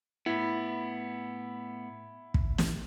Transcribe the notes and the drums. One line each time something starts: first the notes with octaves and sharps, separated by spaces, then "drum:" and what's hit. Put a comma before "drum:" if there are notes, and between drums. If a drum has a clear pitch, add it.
A2 B3 E4
drum: kick
drum: snare